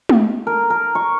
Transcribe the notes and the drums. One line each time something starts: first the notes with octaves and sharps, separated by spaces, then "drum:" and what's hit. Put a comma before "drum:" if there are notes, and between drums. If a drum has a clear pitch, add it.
drum: tom G#3
A#4
A#4
C#6